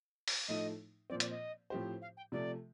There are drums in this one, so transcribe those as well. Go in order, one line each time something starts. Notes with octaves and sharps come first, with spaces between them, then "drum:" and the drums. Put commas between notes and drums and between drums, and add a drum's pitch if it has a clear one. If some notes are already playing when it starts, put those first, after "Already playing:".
drum: open hi-hat
A2 F3 A3 D#4 D#5
A#2 F3 C4 D5
D5, drum: hi-hat
D#5
A2 F3 C4 G4 C5
F5
G5
C3 F3 A3 D5